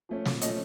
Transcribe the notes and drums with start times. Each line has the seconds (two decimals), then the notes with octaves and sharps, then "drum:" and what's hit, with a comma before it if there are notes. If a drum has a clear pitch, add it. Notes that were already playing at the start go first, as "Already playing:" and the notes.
0.09 F3 A3 C#4
0.25 A#2, drum: snare
0.41 F3 A3 C#4 D#5, drum: hi-hat